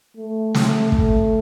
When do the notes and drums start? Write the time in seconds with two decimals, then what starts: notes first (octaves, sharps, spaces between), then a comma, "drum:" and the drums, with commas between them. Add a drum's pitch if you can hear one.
0.17 A3
0.54 drum: snare
0.92 drum: kick